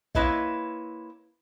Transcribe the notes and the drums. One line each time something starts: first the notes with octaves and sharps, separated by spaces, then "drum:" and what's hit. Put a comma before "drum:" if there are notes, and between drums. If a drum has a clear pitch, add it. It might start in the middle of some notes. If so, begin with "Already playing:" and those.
A#3 C4 E4 B4 C#5 D#5, drum: kick